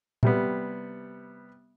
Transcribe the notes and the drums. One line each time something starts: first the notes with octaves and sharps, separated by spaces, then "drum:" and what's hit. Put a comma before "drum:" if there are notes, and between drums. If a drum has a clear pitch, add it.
C3 G3 B3, drum: tom A#2